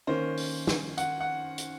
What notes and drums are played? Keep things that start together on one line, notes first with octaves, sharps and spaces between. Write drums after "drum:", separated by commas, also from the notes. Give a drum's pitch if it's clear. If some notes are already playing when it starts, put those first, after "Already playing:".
D#3 A#3 C#4 C5
drum: open hi-hat
drum: snare
F#5, drum: hi-hat
F#5
drum: hi-hat